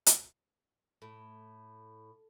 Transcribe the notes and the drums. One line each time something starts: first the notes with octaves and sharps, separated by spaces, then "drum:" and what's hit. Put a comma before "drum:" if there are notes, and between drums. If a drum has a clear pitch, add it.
drum: hi-hat
A2